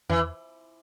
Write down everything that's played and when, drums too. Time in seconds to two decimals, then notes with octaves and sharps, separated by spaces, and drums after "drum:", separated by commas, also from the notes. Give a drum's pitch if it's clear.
0.09 E3, drum: tom E2